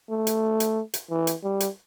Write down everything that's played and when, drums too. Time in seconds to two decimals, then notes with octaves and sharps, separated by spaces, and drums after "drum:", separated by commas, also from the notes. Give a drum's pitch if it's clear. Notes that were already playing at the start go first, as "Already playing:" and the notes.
0.11 A3
0.27 drum: hi-hat
0.60 drum: hi-hat
0.94 drum: hi-hat
1.10 E3
1.27 drum: hi-hat
1.44 G3
1.60 drum: hi-hat